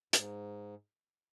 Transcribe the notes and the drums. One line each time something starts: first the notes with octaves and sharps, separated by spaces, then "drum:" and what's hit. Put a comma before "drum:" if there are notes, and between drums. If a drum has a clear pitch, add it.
G#2, drum: hi-hat